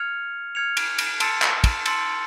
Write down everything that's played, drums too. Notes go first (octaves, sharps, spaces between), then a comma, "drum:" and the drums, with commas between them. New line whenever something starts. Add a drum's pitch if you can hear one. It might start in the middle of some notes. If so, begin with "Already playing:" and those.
Already playing: F6 G#6 C#7 F7
F6 G#6 C#7 F7
drum: cymbal
drum: cymbal
A5 C6 E6 A6 C#7, drum: cymbal
drum: clap
drum: kick, cymbal
A5 C6 E6 A6 C#7, drum: cymbal